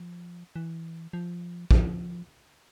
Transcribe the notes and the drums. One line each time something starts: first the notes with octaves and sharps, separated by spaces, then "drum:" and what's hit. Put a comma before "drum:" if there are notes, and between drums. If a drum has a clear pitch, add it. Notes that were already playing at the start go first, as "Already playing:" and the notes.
Already playing: F3
E3
F3
F3, drum: kick